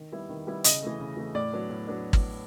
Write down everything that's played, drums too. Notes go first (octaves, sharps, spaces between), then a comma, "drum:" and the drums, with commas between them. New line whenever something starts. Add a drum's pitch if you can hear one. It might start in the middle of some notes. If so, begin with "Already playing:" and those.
Already playing: D#3
G3 B3 E4
D#3
G3 B3 E4
C#3 D#5, drum: hi-hat
E3 A3
C#3
E3 A3
A2 D5
F#3 B3 D4
A2
F#3 B3 D4
drum: kick G#1